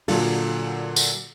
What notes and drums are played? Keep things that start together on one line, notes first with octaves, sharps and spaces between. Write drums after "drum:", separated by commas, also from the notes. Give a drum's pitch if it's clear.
A#2 D3 F#3 F4 A4, drum: open hi-hat
drum: tambourine